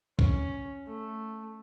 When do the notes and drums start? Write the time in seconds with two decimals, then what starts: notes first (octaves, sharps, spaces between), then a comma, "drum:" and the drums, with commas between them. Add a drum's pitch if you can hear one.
0.19 C#4, drum: kick
0.87 A3